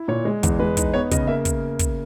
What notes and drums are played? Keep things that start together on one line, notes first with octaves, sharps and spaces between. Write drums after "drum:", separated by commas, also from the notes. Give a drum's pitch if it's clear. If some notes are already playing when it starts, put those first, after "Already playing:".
Already playing: E4
A#2 C#5
G#3
E2, drum: kick, hi-hat
G#3 B4
D#4, drum: kick, hi-hat
B3 C#5
C#3 D#5, drum: kick, hi-hat
A#3 E5
drum: kick, hi-hat
drum: kick, hi-hat